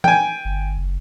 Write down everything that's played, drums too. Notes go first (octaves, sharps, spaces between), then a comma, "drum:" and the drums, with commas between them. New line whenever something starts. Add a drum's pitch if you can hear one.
G5 G#5, drum: tom E3
G1
F#1